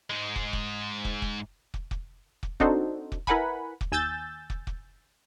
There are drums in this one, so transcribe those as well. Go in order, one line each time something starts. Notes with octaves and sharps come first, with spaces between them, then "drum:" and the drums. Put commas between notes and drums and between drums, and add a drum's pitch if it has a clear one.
G#2 G#3
drum: kick
drum: kick
drum: kick
drum: kick
drum: kick
drum: kick
drum: kick
C4 D4 D#4 F#4 A4 C5, drum: kick
drum: kick
E4 A#4 B4 F#5 G#5 B5, drum: kick
drum: kick
D#2 G#5 E6 G6 A6
drum: kick
drum: kick